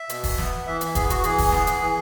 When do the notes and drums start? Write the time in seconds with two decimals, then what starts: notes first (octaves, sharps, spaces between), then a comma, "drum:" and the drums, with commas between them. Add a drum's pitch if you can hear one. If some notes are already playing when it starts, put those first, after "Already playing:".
Already playing: E5
0.09 B2, drum: hi-hat
0.24 drum: kick, open hi-hat
0.38 B3, drum: snare
0.66 E3 E5
0.81 drum: hi-hat
0.95 B3 G#4, drum: kick, hi-hat
1.10 F#4, drum: hi-hat
1.24 E3 G#4, drum: hi-hat
1.38 drum: kick, open hi-hat
1.52 B3, drum: snare
1.67 drum: hi-hat
1.81 E3